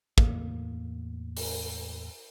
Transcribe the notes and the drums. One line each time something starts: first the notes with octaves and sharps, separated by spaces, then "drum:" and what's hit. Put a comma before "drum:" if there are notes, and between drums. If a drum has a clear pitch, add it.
E2 A2 A#3, drum: kick
drum: open hi-hat